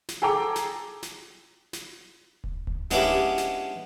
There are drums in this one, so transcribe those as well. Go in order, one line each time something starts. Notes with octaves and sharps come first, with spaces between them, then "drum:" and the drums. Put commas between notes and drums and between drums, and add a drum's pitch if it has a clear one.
drum: snare
G#4 A4 G5 A#5 D6
drum: snare
drum: snare
drum: snare
drum: kick D1
drum: kick D1
G#3 B3 C#4 D4 E4 G4, drum: snare
drum: snare